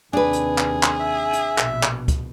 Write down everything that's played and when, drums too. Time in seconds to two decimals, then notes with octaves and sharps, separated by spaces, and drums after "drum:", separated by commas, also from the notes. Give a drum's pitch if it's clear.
0.13 D#2 C3 D4 G#4 B4
0.33 drum: hi-hat
0.58 drum: clap
0.83 drum: clap
1.00 E5
1.33 drum: hi-hat
1.58 A#1 B2, drum: clap
1.83 drum: clap
2.08 drum: kick C#2, hi-hat